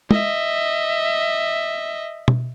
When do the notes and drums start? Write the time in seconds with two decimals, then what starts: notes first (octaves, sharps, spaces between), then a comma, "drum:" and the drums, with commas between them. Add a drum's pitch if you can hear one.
0.11 D#5 E5, drum: tom
2.28 drum: tom